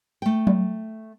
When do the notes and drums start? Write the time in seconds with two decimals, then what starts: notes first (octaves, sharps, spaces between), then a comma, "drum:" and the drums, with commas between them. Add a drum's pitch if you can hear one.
0.22 A3 G5
0.47 drum: tom F#3